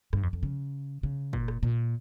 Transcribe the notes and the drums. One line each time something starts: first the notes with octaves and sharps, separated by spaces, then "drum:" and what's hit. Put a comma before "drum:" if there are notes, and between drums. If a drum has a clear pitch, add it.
G2, drum: rim click
F2
F2
C#3
C#3
A#2, drum: kick
drum: rim click
A#2